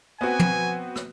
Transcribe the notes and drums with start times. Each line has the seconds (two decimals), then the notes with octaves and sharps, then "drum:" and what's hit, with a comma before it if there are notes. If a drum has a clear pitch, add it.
0.21 B3 C4 F#4 G#5
0.40 drum: tom
0.96 drum: rim click